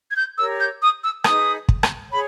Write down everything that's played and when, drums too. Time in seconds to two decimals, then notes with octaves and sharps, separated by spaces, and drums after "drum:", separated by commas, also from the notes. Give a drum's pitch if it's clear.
0.11 G#6
0.16 G6
0.37 G4 A#4 C#5 E6
0.59 G6
0.81 D#6
1.03 E6
1.24 D#4 G#4 B4 D#6, drum: rim click
1.69 drum: kick
1.83 drum: rim click
2.12 G#4 C#5 B5